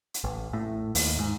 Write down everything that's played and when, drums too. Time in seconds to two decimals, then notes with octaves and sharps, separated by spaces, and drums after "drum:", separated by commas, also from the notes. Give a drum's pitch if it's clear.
0.14 drum: hi-hat
0.24 A1
0.53 A2
0.95 D#2, drum: open hi-hat
1.19 G#2